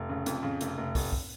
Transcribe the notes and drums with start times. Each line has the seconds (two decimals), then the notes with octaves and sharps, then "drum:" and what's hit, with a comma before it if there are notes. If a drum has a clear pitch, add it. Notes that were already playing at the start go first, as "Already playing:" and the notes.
Already playing: F1
0.09 C#3
0.26 F2, drum: hi-hat
0.43 C#3
0.61 F1, drum: hi-hat
0.78 F1
0.95 F1, drum: kick, open hi-hat
1.12 drum: kick